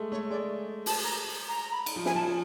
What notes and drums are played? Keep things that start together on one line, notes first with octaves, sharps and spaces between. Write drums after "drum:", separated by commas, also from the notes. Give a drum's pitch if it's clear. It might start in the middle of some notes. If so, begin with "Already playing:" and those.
Already playing: G#3 A3
A3 C#5
G#3 D5
A5, drum: open hi-hat
A#5
A#5
A#5
B5
drum: cymbal
F3
G#5, drum: snare
F3 A5